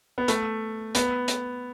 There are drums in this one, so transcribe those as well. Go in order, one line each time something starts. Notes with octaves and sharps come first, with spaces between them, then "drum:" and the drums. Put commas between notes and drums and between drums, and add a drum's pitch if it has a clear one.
B3
A3, drum: hi-hat
B3, drum: hi-hat
drum: hi-hat